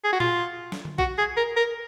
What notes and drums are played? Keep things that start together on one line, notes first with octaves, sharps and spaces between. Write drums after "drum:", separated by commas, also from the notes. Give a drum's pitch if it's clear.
G#4
F#4
F4, drum: tom A#2
drum: snare
drum: tom D3
F#4, drum: kick A#1
G#4
A#4
A#4